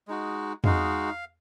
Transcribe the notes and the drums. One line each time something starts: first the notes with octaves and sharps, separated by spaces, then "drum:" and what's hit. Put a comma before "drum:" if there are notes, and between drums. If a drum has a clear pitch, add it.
G#3 D#4 F#4
G#3 D#4 F#4 F5, drum: tom